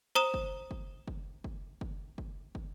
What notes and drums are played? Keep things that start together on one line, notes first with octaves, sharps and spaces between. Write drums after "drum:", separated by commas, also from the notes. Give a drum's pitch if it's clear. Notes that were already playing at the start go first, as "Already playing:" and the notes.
C5 A#5 D#6 E7
drum: kick
drum: kick
drum: kick
drum: kick
drum: kick
drum: kick
drum: kick